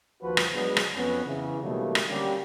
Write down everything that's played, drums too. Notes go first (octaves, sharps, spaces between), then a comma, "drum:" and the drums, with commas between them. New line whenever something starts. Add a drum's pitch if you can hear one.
D#2 F3 F#4 B4
drum: rim click
F#3 G#3 B3 D4 G#4 B4
drum: rim click
F2 B3 C#4 B4
C#3 E3
B2 D#3 F#3 G3 A3 A#3
drum: rim click
D3 G3 A#3 C#4 G4